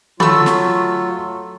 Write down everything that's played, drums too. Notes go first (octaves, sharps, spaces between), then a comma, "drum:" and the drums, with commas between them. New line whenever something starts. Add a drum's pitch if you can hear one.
F#3 A3 F4 A4 B5 C#6 E6, drum: tom D3
drum: snare